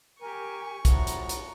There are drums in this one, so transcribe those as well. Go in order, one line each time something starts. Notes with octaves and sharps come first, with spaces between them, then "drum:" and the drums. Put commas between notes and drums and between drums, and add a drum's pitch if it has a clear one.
G4 A#4 G#5 C#6
A2 F3 D4 E4 F#4 A#5, drum: kick, hi-hat
drum: hi-hat
drum: hi-hat